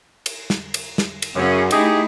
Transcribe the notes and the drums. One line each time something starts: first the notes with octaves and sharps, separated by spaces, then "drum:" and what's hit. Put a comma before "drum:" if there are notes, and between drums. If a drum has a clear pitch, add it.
drum: cymbal
drum: snare
drum: cymbal
drum: snare
drum: cymbal
F#2 C#3 C#4 G#4
A3 D#4 E4 G4 G#4, drum: cymbal